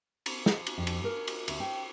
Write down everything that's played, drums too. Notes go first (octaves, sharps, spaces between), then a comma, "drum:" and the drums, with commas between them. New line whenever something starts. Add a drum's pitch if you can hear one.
drum: cymbal
drum: snare
drum: cymbal
F2
drum: cymbal
A#4
drum: cymbal
D2, drum: cymbal
G5